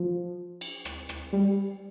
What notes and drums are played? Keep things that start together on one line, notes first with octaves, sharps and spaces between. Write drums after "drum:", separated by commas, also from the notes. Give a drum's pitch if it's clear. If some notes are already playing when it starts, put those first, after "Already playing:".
Already playing: F3
drum: cymbal
drum: rim click
drum: rim click
G3